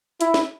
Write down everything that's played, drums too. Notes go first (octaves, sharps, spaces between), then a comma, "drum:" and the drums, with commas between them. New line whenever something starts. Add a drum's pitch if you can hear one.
E4, drum: hi-hat
drum: snare